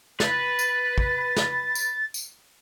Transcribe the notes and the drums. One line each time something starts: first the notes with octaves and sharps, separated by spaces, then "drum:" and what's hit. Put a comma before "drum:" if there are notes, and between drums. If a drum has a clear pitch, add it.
B4 A6, drum: snare
drum: tambourine
drum: kick
drum: snare
drum: tambourine
drum: tambourine